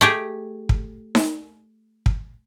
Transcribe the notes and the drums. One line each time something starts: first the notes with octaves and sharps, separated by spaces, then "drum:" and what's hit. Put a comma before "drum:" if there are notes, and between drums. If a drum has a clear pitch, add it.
A3 G4 G#4
drum: kick
drum: snare D#4
drum: kick